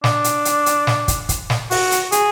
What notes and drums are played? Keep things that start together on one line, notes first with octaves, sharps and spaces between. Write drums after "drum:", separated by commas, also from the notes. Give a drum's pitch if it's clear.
D4, drum: snare
drum: hi-hat
drum: hi-hat
drum: hi-hat
drum: snare
drum: kick, hi-hat
drum: kick, hi-hat
drum: snare
F#4, drum: open hi-hat
drum: hi-hat
G#4, drum: hi-hat